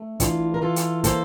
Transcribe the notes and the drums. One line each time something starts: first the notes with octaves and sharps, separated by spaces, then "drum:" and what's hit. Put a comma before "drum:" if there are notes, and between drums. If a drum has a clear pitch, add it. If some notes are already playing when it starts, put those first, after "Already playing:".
Already playing: A3
E3 D4 F4, drum: kick, hi-hat
A#4
E3 F4 A4
drum: hi-hat
A#3 A4 C5, drum: kick, hi-hat